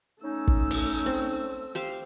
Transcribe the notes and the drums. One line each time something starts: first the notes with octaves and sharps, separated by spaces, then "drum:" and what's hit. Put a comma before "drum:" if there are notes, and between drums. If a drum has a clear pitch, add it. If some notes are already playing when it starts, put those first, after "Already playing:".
A3 C#4 D#4 E6
drum: kick
drum: open hi-hat
C4
G4 C5 F5